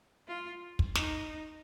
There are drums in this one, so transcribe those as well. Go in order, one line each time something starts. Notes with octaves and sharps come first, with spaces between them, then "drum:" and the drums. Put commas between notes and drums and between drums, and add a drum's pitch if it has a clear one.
F4
drum: kick
D#4, drum: snare